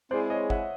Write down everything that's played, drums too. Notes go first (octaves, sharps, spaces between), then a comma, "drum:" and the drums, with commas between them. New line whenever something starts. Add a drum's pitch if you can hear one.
G#3 C4 E4 G#4 C5 D5
C#5 D#5
E5 F#5, drum: kick G1